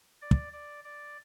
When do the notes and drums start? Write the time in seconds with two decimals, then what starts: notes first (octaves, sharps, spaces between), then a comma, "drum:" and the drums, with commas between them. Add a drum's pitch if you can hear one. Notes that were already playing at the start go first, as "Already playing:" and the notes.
0.22 D5
0.31 drum: kick
0.53 D5
0.84 D5